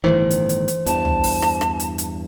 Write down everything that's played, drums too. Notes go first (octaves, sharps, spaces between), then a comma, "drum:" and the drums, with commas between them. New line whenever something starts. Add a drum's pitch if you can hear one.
G1 A2 D#3 E3 C5
drum: hi-hat
drum: hi-hat
drum: hi-hat
E2 G2 A5, drum: hi-hat
drum: tom
drum: open hi-hat
drum: rim click
drum: rim click
drum: hi-hat
drum: hi-hat